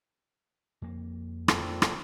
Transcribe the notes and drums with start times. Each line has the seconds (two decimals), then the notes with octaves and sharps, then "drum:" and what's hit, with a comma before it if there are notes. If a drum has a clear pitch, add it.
0.82 F2 A#3
1.48 A#2 C4 A4, drum: rim click
1.82 drum: rim click